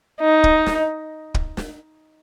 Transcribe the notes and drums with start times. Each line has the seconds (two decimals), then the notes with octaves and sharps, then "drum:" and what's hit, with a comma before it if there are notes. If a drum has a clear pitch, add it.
0.21 D#4
0.44 drum: kick
0.66 drum: snare
1.34 drum: kick
1.57 drum: snare